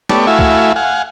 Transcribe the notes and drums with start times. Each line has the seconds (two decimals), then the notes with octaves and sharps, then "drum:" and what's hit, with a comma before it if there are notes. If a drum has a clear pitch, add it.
0.09 A3 B3 G4 C#5 D5 A5, drum: snare
0.27 A3 E4 F#4 E5 F5 G#5
0.39 drum: kick
0.76 F5 F#5 G#5